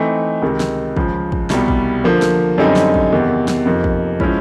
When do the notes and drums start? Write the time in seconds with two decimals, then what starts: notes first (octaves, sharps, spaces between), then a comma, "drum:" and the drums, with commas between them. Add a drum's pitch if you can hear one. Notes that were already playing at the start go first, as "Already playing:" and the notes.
Already playing: E3 A3 C4 D#4
0.42 C#2 C3 D#3
0.60 drum: snare
0.96 C#2 C#3 F3, drum: kick
1.32 drum: kick
1.50 C2 B2 G3, drum: snare
1.68 drum: kick
2.04 D3 F3 A#3
2.22 drum: snare
2.58 F#2 D3 G3 C4 D#4
2.76 drum: snare
2.94 drum: kick
3.12 E2 C3 D#3
3.48 drum: snare
3.66 F2 C3 F3 A#3 D#4
3.84 drum: kick
4.20 F3 G#3 C#4 E4, drum: kick